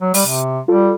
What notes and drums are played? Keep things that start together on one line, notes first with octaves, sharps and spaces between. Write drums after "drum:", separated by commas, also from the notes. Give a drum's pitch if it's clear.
F#3
G3, drum: open hi-hat
C3
G3 F4 A4